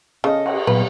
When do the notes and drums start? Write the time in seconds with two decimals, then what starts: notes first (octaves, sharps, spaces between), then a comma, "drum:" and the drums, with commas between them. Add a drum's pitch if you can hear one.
0.24 C#3 A4 D#5
0.46 drum: cymbal
0.67 A#2 F#3 B3 B4